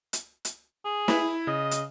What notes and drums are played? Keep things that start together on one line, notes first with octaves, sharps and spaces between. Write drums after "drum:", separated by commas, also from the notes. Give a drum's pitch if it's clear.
drum: hi-hat
drum: hi-hat
G#4
E4 E5, drum: snare
C#3 D#5
drum: hi-hat